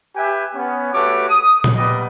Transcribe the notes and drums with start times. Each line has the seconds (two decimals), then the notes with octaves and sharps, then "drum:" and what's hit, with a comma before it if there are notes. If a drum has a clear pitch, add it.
0.16 G4 B4 E5 G#5
0.55 B3 C#4
0.93 A3 F#4 G4 B4 C#5 D6
1.29 D#6
1.64 drum: tom A#2
1.76 G3 A#3 B3 G4 D5 D#5